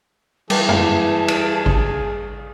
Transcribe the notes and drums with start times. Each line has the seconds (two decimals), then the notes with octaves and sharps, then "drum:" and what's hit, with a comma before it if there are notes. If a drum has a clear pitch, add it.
0.50 E3 G3 G#4 A5, drum: cymbal
0.69 drum: tom
1.28 drum: cymbal
1.66 drum: kick G#1